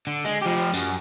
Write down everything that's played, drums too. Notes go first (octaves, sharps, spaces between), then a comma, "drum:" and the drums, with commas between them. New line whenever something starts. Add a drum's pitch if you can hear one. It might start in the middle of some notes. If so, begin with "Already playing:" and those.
D3
G#3
F3 G4
F#2, drum: tambourine